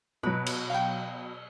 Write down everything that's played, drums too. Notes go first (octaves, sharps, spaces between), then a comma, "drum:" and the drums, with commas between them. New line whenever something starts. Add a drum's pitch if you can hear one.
B2 F#3 B4
drum: cymbal
F5 G5